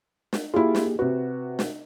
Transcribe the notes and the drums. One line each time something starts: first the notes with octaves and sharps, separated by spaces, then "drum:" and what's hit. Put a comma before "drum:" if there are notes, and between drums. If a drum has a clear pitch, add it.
drum: snare
A#3 E4 F4 G4 G#4
drum: snare
C3 F#4 B4
drum: snare